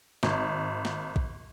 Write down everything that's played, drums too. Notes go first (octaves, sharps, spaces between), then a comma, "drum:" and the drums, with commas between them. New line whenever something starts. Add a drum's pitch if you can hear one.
G#1, drum: snare
drum: snare
drum: kick